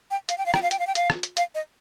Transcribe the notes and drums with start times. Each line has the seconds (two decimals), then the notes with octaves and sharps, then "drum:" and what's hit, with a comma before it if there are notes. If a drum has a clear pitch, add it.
0.11 G5
0.29 F5, drum: hi-hat
0.38 G5
0.46 F5
0.54 G5, drum: rim click
0.62 F5
0.71 G5, drum: hi-hat
0.79 F5
0.87 G5
0.95 F5, drum: hi-hat
1.10 drum: rim click
1.23 drum: hi-hat
1.37 F5, drum: hi-hat
1.55 D#5